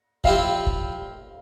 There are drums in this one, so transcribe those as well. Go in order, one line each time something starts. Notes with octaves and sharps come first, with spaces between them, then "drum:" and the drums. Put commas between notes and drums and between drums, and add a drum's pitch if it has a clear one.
F3 C4 E4 G4 F5, drum: kick
drum: kick